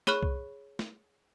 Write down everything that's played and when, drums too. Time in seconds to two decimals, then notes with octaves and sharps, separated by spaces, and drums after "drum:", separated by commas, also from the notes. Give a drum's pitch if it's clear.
0.07 G#4 C#5 B5 C#6 F6 F#6, drum: snare
0.23 drum: kick C2
0.79 drum: snare